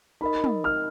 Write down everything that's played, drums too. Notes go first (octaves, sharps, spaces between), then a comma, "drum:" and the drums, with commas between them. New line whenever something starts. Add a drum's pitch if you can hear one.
D#4 A#4 D#5 B5
drum: tom
F6